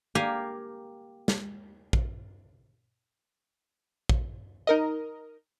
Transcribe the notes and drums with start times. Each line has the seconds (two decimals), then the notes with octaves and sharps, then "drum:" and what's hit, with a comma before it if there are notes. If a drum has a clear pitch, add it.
0.15 A#3 G4 F5 G#5
1.28 drum: snare
1.93 drum: kick
4.09 drum: kick
4.67 D#4 A#4 D#5